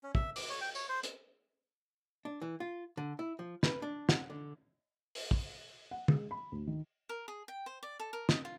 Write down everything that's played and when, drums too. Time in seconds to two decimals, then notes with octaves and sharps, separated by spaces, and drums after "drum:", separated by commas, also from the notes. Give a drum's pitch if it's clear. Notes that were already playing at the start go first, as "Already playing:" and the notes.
0.03 C#4
0.15 E5, drum: kick
0.36 D6, drum: open hi-hat
0.50 C#5
0.61 G5
0.75 C#5, drum: tambourine
0.89 C5
1.03 drum: hi-hat
2.25 D4
2.42 E3
2.60 F4
2.97 D3
3.19 E4
3.39 F3
3.63 B4, drum: snare
3.82 D4
4.09 F#5, drum: snare
4.30 D3
5.15 drum: open hi-hat
5.31 drum: kick
5.91 F#5
6.08 G#3, drum: tom
6.31 B5
6.52 D2
6.67 D#3
7.09 A#4
7.28 G#4
7.48 G5
7.66 C5
7.83 D5
8.00 A4
8.13 A#4
8.29 D#5, drum: snare
8.45 F4